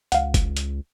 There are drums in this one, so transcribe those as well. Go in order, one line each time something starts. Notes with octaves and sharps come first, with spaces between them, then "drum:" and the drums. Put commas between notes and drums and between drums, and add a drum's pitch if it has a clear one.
C#2 F5 F#5, drum: hi-hat
drum: kick F1, hi-hat
drum: hi-hat